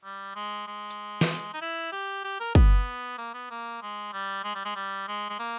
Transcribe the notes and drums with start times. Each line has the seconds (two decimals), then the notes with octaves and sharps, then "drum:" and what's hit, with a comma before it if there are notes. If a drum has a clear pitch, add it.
0.04 G3
0.35 G#3
0.67 G#3
0.91 drum: hi-hat
1.21 drum: snare
1.54 D#4
1.61 E4
1.92 G4
2.24 G4
2.40 A#4
2.55 B3, drum: kick
3.18 A#3
3.34 B3
3.50 A#3
3.82 G#3
4.13 G3
4.44 G#3
4.55 G3
4.65 G#3
4.76 G3
5.08 G#3
5.30 G#3
5.39 A#3